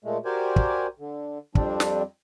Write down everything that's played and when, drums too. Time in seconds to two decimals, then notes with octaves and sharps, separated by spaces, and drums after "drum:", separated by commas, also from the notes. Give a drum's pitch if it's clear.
0.05 A#2 G#3 A3
0.25 F#4 G4 A#4 C5 D5 G#5
0.56 drum: kick
0.99 D3
1.55 F2 G3 C4 D4, drum: kick
1.80 drum: snare